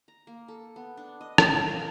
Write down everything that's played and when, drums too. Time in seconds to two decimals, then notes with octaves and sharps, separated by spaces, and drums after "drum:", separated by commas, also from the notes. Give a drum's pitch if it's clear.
0.08 A#5
0.27 A#3
0.48 A4
0.76 B3
0.97 D4
1.21 D#5
1.38 B3, drum: rim click
1.68 F5